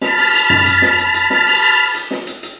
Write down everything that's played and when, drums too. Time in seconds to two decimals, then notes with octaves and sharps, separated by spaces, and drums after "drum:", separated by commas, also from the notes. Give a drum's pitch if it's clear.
0.01 A5 B5 F6, drum: snare
0.18 drum: open hi-hat
0.34 drum: hi-hat
0.50 drum: tom F#2
0.66 drum: hi-hat
0.82 drum: snare
0.98 drum: hi-hat
1.14 drum: hi-hat
1.30 drum: snare
1.46 drum: open hi-hat
1.95 drum: hi-hat
2.11 drum: snare
2.27 drum: hi-hat
2.43 drum: hi-hat